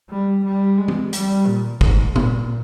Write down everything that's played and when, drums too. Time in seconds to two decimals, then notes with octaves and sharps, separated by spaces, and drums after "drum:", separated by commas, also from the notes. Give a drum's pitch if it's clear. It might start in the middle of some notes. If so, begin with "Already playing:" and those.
0.10 G3
0.45 G3
0.78 G#3
0.88 drum: tom E3
1.13 G3, drum: hi-hat
1.47 A#2
1.81 G#2, drum: kick
2.16 A#2, drum: tom A#2